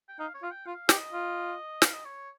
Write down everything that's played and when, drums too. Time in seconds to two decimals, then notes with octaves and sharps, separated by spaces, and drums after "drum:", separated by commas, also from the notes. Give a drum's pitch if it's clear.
0.08 G5
0.19 D#4 F5
0.34 C#5
0.42 F4 F5
0.51 G5
0.65 F4 F5
0.89 G4 D#5, drum: snare
1.12 F4
1.82 F5, drum: snare
1.93 D#5
2.05 C#5